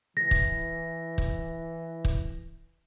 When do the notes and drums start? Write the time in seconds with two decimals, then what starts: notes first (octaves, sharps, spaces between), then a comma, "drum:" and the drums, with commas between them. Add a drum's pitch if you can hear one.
0.17 E3 A#6
0.31 drum: kick
1.18 drum: kick
2.05 drum: kick